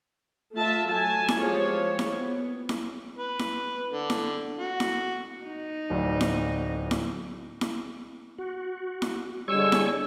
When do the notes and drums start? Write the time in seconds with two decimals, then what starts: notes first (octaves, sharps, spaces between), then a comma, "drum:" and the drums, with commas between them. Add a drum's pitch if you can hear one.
0.55 A3 F4 E5 A5
0.89 F#3 A3 G#5 A5
1.28 drum: snare E4
1.40 F3 G#3 G4 G#4 C#5
1.99 drum: snare E4
2.10 B3
2.69 drum: snare E4
3.18 B4
3.39 drum: snare E4
3.92 D3
4.10 drum: snare E4
4.59 F#4
4.80 drum: snare E4
5.44 D#4
5.90 D1 D2 D4
6.21 drum: snare E4
6.91 drum: snare E4
7.61 drum: snare E4
8.39 F#4
9.02 drum: snare E4
9.48 D3 G3 G#3 C#5 G#5 C#6 E6
9.72 drum: snare E4